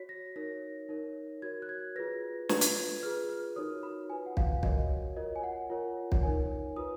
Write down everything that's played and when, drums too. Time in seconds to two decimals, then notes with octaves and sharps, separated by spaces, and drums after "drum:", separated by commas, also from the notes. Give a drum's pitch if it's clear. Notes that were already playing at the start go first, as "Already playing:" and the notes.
Already playing: F#4 C#5 B6
0.09 A#6
0.36 D#4 A#4 C#5 A#6
0.89 D#4 A#4 C#5
1.42 F#4 A#4 C#5 G#6
1.62 F#6
1.69 G#6
1.96 F4 G#4 B4 A#6
2.49 F4 B4 G#6, drum: snare
2.61 drum: hi-hat
3.03 F4 G#4 B4 F6
3.29 F6
3.56 D#4 F#4 A#4 C#5 D#6
3.83 B5
4.10 F4 B4 G#5
4.26 F#5
4.37 F5, drum: kick
4.63 F#4 A#4 C#5 D#5, drum: kick
5.16 F4 A#4 C#5 D#5
5.36 G#5
5.43 F#5
5.70 F4 A#4 C#5
6.12 drum: kick
6.23 D#4 A#4 C#5 G#5
6.76 F4 B4 D#6